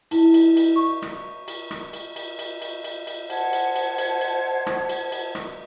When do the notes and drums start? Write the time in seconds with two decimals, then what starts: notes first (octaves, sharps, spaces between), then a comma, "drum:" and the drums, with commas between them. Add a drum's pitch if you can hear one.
0.11 E4, drum: cymbal
0.34 drum: cymbal
0.57 drum: cymbal
0.76 C#6
1.02 drum: rim click
1.48 drum: cymbal
1.71 drum: rim click
1.93 drum: cymbal
2.16 drum: cymbal
2.39 drum: cymbal
2.62 drum: cymbal
2.84 drum: cymbal
3.07 drum: cymbal
3.30 C5 F#5 A5 G#6, drum: cymbal
3.53 drum: cymbal
3.75 drum: cymbal
3.98 drum: cymbal
4.21 drum: cymbal
4.67 drum: rim click
4.89 drum: cymbal
5.12 drum: cymbal
5.35 drum: rim click